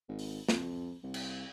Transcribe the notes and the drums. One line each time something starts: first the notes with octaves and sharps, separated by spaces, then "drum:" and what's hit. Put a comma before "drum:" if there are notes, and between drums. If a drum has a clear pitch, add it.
G#1
drum: open hi-hat
F2, drum: snare
C2
drum: cymbal